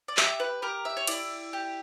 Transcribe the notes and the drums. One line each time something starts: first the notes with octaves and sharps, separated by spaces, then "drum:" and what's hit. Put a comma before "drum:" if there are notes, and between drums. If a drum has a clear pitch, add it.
D5
G4 E5, drum: clap
B4
G4 A#4
E5
C#5
E4 D5, drum: cymbal
G4